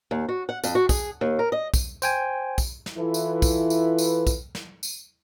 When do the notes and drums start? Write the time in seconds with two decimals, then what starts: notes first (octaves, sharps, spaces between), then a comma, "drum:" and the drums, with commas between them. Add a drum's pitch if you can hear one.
0.11 D#2
0.29 F#4
0.49 F#5
0.64 F2, drum: tambourine
0.75 F#4
0.89 G#4, drum: kick, tambourine
1.21 D#2
1.39 A#4
1.52 D#5
1.74 drum: kick, tambourine
2.02 C5 G5 G#5, drum: tambourine
2.58 drum: kick, tambourine
2.86 drum: snare
2.98 E3 E4 F4 A4 B4
3.14 drum: tambourine
3.42 drum: kick, tambourine
3.70 drum: tambourine
3.98 drum: tambourine
4.27 drum: kick, tambourine
4.55 drum: snare
4.83 drum: tambourine